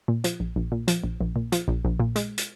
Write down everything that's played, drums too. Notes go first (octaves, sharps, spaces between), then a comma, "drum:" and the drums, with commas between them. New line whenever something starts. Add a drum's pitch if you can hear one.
A#2
F3, drum: hi-hat
A#1
A#1
A#2
F3, drum: hi-hat
A#1
A#1
A#2
F3, drum: hi-hat
A#1
A#1
A#2
G#3, drum: hi-hat
drum: hi-hat